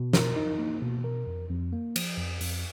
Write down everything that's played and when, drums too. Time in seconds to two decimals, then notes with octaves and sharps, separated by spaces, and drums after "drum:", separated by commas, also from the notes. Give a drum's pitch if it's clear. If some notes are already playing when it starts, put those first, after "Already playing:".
Already playing: B2
0.13 A#4, drum: snare
0.36 D#4
0.59 A#3
0.82 B2
1.04 A#4
1.27 F2
1.50 F2
1.73 A#3
1.96 F3, drum: cymbal
2.18 F2
2.41 F2, drum: open hi-hat